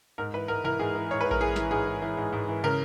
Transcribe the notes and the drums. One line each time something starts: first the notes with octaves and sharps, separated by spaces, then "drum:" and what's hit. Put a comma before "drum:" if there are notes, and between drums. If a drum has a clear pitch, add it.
G#2 A#4
E3 B4
G#2 A#4
E3 A#4, drum: tom B2
G#2 G#4
E3
G#2 C#5
B4
E3
A#4, drum: kick A#1
E3 G#4
E3, drum: snare
G#2 G#4
E3
E3
G#2
G#2
E3
C#3 A#4